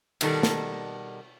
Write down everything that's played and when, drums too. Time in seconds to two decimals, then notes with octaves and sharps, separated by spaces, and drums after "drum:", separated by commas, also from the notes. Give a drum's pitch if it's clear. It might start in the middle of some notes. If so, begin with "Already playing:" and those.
0.21 B2 D#3 G3 A4, drum: cymbal
0.43 drum: snare